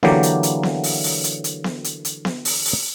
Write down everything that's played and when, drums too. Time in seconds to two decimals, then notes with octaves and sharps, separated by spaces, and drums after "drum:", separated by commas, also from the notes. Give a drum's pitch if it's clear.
0.03 D3 E3 F#3 A#3 G4, drum: snare B3
0.23 drum: hi-hat
0.43 drum: hi-hat
0.63 drum: snare B3
0.83 drum: open hi-hat
1.04 drum: open hi-hat
1.24 drum: hi-hat
1.44 drum: hi-hat
1.64 drum: snare B3
1.84 drum: hi-hat
2.05 drum: hi-hat
2.25 drum: snare B3
2.45 drum: open hi-hat
2.65 drum: open hi-hat